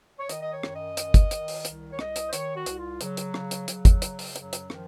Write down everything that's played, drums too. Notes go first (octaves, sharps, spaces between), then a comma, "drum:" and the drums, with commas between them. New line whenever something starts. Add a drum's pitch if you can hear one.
C#5
D#3 D#5, drum: hi-hat
D#5
C#5
F#2, drum: rim click
D#5
D#3, drum: hi-hat
drum: kick G1, hi-hat
D#3, drum: hi-hat
drum: open hi-hat
C2, drum: hi-hat
C#5
C2 D#5, drum: rim click
drum: hi-hat
C5
D#3 C#5, drum: hi-hat
F#4
C2, drum: hi-hat
F4
C#3 F#3, drum: hi-hat
drum: hi-hat
C#3, drum: rim click
drum: hi-hat
C#3 F#3, drum: hi-hat
drum: kick G1, hi-hat
C#3, drum: hi-hat
drum: open hi-hat
F#2 F#3, drum: hi-hat
drum: hi-hat
D#3 F3, drum: rim click